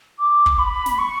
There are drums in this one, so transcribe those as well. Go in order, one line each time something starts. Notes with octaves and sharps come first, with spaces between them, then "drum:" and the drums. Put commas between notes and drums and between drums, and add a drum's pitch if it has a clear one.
D6
drum: kick
B5
drum: snare
C#6